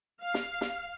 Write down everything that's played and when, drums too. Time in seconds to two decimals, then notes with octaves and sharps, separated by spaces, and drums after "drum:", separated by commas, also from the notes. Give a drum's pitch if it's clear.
0.21 F5
0.34 drum: snare
0.61 drum: snare